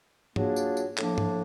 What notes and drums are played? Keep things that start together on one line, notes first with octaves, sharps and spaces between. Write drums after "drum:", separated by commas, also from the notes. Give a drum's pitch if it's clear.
F#3 A#3 D4 F4 G#4, drum: tom G#2
drum: tambourine
drum: tambourine
A2 F3 A#3 D4, drum: clap
drum: tom G#2